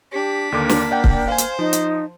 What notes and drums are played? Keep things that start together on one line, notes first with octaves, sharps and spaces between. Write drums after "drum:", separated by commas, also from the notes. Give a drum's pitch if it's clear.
D4 G4 B6
D#2 D3 A#3 D6
drum: snare
D5 F#5 G5
drum: kick C#1
C5 F5 G#5
drum: hi-hat
F3 D#4
drum: hi-hat